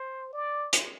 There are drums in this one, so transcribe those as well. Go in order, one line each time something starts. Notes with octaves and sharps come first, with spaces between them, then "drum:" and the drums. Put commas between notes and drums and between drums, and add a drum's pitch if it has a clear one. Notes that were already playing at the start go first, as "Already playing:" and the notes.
Already playing: C5
D5
drum: hi-hat